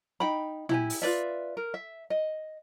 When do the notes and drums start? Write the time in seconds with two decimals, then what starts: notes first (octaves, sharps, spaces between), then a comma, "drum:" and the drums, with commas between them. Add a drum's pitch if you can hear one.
0.20 D#4 G5 B5
0.69 E4 G4 G#5, drum: tom
0.90 drum: open hi-hat
1.02 F4 B4 D5 E5
1.57 A#4
1.74 E5
2.10 D#5